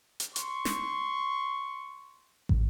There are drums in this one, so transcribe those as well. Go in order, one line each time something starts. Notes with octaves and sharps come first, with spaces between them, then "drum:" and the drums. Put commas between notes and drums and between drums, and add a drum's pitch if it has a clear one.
drum: hi-hat
C6 C#6, drum: hi-hat
drum: snare
drum: kick